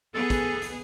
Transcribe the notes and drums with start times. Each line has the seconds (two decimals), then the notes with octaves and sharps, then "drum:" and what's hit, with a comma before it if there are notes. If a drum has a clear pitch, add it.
0.14 B3 G#4 A4
0.30 drum: kick, hi-hat
0.62 drum: hi-hat